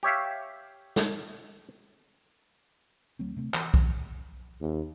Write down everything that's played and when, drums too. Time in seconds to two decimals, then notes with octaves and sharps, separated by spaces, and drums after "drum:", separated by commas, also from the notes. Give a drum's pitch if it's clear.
0.03 G4 C#5 E5 F5
0.96 drum: snare
3.19 D2 F#3 A3 C4
3.36 C3 A3 C4
3.54 E3, drum: clap
3.74 A2 D#3 F3 F#3, drum: kick B1
4.61 D#2